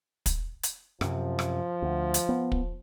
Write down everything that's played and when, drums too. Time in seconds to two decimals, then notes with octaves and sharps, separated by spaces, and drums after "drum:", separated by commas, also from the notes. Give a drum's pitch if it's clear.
0.26 drum: kick, hi-hat
0.63 drum: hi-hat
1.01 F#2 C3 F3, drum: rim click
1.39 drum: rim click
1.82 D2
2.14 drum: hi-hat
2.29 B3
2.52 drum: kick